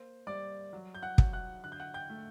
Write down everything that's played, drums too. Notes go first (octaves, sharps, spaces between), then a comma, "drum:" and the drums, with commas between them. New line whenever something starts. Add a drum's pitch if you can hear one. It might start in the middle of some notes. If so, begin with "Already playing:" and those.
Already playing: A#3 C5
G3 D5 D6
F#3
G6
F#5 F#6
F#3, drum: kick
F#5 F#6
D3 F#6
G6
F#5 F#6
G5 G6
A3